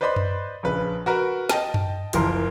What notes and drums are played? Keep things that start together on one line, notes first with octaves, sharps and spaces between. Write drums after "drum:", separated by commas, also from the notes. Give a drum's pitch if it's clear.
B4 C5 D5 D#5 B5 C6
drum: tom F#2
A#1 C#3 B4
F#4 A#4 B4
D#5 G5 A5, drum: snare
drum: tom F#2
F#1 E3 F3 A#4 C6, drum: hi-hat